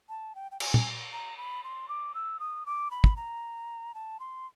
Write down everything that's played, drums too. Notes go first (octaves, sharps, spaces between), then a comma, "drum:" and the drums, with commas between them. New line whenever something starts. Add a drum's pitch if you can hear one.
A5
G5
G5
G#5, drum: cymbal
drum: tom
A#5
B5
C6
D6
E6
D#6
D6
B5
drum: kick
A#5
A5
C6